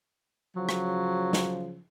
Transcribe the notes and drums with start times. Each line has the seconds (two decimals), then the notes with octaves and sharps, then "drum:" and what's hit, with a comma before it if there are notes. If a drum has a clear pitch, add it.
0.56 C#3 F3 F#3
0.69 drum: rim click
1.33 drum: snare